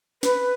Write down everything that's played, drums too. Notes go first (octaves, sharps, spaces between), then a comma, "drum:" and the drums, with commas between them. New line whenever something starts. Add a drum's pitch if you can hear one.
B4, drum: snare